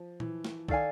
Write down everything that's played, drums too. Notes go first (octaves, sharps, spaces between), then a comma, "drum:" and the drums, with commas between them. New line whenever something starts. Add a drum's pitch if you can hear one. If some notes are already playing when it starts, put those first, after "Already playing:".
Already playing: F3
E3, drum: tom A#2
drum: snare
D#3 A4 D5 F5 G#5, drum: kick